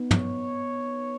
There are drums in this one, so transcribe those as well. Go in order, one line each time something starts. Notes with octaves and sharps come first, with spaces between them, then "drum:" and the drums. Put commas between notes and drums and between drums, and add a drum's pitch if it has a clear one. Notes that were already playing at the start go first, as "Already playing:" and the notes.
Already playing: B3 D#4
C#5, drum: tom